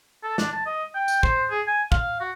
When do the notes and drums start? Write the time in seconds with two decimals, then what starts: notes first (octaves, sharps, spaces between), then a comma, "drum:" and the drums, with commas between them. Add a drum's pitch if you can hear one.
0.23 A4
0.38 D4, drum: snare
0.52 A5
0.66 D#5
0.95 G5
1.08 drum: tambourine
1.23 C5, drum: kick
1.51 G#4
1.67 G#5
1.92 F5, drum: kick
2.20 F#4